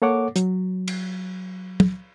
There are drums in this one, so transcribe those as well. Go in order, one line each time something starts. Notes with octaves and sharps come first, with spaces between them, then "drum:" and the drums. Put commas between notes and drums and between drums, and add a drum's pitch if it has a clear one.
A#3 A4 C#5 F#5 D6
F#3, drum: hi-hat
drum: cymbal
drum: tom